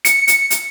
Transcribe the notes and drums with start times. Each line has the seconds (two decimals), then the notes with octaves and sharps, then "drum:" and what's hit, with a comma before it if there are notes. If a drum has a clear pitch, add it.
0.05 C#7, drum: hi-hat
0.28 drum: hi-hat
0.50 drum: hi-hat